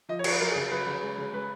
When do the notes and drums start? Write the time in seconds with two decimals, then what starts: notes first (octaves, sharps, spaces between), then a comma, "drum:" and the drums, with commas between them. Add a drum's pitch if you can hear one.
0.09 F3 D#5
0.19 C#5
0.24 F3, drum: cymbal
0.30 B4
0.40 F#3 A#4
0.51 G#4
0.56 C#3
0.71 F#3 B4
0.87 C#3
1.02 G#3
1.18 C#3
1.33 G#3 B4